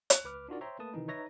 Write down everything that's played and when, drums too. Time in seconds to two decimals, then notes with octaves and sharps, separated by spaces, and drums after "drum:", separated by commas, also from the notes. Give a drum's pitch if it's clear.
0.10 drum: hi-hat
0.24 C#2 B4 D6 F6
0.48 D4 D#4 F4 F#4 A#4 D5
0.61 C5 C#5 E5 G5 A#5 C6
0.79 A3 A#3 B4 A5 D#6
0.94 C3 D#3 E3 D#4
1.08 D#4 B4 C#5 E5 A#5 A#6